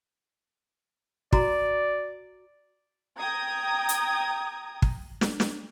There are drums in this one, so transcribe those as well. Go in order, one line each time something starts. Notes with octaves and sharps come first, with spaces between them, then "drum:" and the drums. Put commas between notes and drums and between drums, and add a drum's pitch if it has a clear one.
F#4 D5 A#5, drum: kick
G5 A#5 D#6 G#6
drum: hi-hat
drum: kick
drum: snare
drum: snare